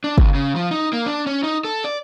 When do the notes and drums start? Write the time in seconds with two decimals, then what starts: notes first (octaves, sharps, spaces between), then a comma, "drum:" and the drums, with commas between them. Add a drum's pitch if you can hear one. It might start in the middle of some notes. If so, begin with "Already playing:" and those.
0.04 D4
0.18 C#2, drum: kick
0.35 C#3
0.55 F3
0.71 D#4
0.93 A#3
1.06 D4
1.27 C#4
1.43 D#4
1.65 A4
1.84 D5